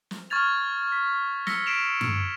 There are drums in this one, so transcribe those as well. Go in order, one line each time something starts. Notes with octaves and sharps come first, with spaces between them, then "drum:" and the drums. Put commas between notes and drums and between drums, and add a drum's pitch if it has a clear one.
drum: snare
C#6 F6 G#6 A6 F7
B6
E6 A#6 B6 C#7 G7, drum: snare
B6 C7 D7 E7 F7
drum: tom G2